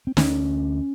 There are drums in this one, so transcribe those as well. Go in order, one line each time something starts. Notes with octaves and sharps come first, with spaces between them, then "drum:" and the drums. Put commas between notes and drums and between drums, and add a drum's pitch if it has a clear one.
C4
D2 C#4, drum: snare